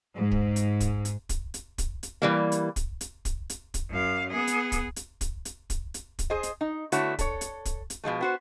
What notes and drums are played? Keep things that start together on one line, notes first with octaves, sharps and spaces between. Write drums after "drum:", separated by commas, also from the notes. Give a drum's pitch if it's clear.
G#2
drum: kick
drum: hi-hat
drum: kick, hi-hat
drum: hi-hat
drum: kick, hi-hat
drum: hi-hat
drum: kick, hi-hat
drum: hi-hat
E3 G3 A#3
drum: hi-hat
drum: kick, hi-hat
drum: hi-hat
drum: kick, hi-hat
drum: hi-hat
drum: kick, hi-hat
F#2 F5
B3 G#4
drum: hi-hat
drum: kick, hi-hat
drum: hi-hat
drum: kick, hi-hat
drum: hi-hat
drum: kick, hi-hat
drum: hi-hat
drum: kick, hi-hat
G#4 C5 D#5
drum: hi-hat
D#4
D3 A3 B3 E4 F#4 C#5, drum: hi-hat
A4 C#5, drum: kick, hi-hat
drum: hi-hat
drum: kick, hi-hat
drum: hi-hat
B2 F3 G#3 A3
B3 F#4 C5